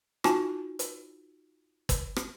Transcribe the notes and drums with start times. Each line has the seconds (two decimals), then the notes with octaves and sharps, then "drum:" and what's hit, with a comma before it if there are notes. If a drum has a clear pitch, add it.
0.24 D#4 F4 F#4 G#5 A5, drum: rim click
0.79 drum: hi-hat
1.89 drum: kick, hi-hat
2.16 drum: rim click